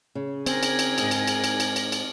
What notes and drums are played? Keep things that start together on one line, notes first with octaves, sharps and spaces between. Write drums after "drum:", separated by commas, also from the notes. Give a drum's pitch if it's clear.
C#3
C4 G#4 A#4 G#5, drum: cymbal
drum: cymbal
drum: cymbal
G#2 D#4 D#5, drum: cymbal
drum: cymbal
drum: cymbal
drum: cymbal
drum: cymbal
drum: cymbal
drum: cymbal